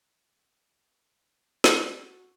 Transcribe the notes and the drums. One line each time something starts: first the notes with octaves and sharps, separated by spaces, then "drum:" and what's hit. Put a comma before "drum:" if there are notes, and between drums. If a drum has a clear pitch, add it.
drum: snare
F#4